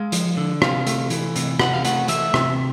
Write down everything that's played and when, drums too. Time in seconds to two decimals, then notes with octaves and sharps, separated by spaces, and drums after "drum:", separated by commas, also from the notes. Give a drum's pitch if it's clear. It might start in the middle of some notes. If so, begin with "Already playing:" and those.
Already playing: G#3 F5
0.12 F3, drum: hi-hat
0.37 D3
0.62 C3 F5, drum: rim click
0.87 A3, drum: hi-hat
1.10 E3, drum: hi-hat
1.36 C3, drum: hi-hat
1.59 C3 F#5, drum: rim click
1.74 F5
1.85 A3 F#5, drum: hi-hat
2.08 E3 E5, drum: hi-hat
2.34 C3, drum: rim click